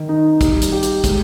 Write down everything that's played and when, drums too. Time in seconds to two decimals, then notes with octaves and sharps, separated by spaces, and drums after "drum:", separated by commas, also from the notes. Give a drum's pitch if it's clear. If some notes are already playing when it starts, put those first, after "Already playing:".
Already playing: D#3
0.09 D#4
0.41 G3, drum: kick, hi-hat
0.62 drum: hi-hat
0.72 G4
0.83 drum: hi-hat
1.04 G#3, drum: kick, hi-hat